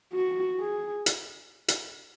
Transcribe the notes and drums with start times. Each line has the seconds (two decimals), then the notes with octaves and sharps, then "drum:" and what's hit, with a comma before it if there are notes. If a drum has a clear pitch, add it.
0.13 F#4
0.59 G#4
1.06 drum: hi-hat
1.68 drum: hi-hat